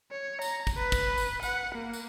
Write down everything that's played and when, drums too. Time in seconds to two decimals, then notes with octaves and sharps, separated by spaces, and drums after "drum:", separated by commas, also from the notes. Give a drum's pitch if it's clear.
0.11 C#5
0.42 A#5, drum: tambourine
0.67 drum: kick, tambourine
0.77 B4
0.92 drum: kick, tambourine
1.17 drum: tambourine
1.43 F#5, drum: tambourine
1.75 A#3
1.93 drum: tambourine